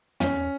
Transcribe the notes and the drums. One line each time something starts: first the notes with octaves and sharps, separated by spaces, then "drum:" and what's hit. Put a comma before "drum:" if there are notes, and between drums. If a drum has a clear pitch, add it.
C#4, drum: tom